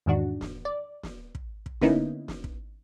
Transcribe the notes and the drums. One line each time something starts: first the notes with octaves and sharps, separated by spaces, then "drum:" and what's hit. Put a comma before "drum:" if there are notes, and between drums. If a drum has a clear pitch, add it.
E2 G#2 D#3 D4 F#4
drum: snare
D5
drum: snare
drum: kick
drum: kick
D3 A#3 B3 C#4 D#4 E4, drum: snare
drum: snare
drum: kick